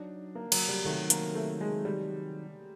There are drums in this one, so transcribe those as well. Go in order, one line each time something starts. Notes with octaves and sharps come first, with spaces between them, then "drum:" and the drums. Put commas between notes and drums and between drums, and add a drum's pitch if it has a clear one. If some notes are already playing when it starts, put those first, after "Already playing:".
Already playing: F#3 D4 D#4
A#3
F#3, drum: cymbal
G3
C3 D#3 F#3 A3
A#3, drum: hi-hat
A3
G#3
G3